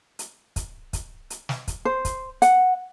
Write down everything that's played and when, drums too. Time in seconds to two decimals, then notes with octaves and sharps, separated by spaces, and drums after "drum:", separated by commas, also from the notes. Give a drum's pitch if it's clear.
0.19 drum: hi-hat
0.56 drum: kick, hi-hat
0.93 drum: kick, hi-hat
1.30 drum: hi-hat
1.49 drum: snare
1.68 drum: kick, hi-hat
1.85 C5
2.05 drum: kick, hi-hat
2.42 F#5, drum: hi-hat